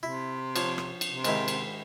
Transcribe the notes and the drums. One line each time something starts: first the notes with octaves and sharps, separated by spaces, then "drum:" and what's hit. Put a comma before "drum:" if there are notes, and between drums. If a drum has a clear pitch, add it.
C3 E4
F3 C#5, drum: cymbal
drum: rim click
drum: cymbal
C3
G#2 D#3 E4, drum: cymbal
drum: cymbal